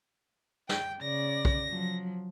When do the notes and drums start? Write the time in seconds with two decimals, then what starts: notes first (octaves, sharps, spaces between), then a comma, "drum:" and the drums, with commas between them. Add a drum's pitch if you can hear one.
0.69 G5, drum: snare
1.02 C#3 D5 A#6
1.45 drum: kick
1.69 F3 F#3